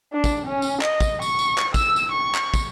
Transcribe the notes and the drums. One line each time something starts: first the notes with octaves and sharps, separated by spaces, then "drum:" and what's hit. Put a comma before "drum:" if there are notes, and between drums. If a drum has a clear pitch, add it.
D4
drum: kick, tambourine
C#4
drum: tambourine
D#5, drum: clap
drum: kick, tambourine
C#6, drum: tambourine
drum: tambourine
drum: clap
E6, drum: kick, tambourine
drum: tambourine
C#6
drum: clap
drum: kick, tambourine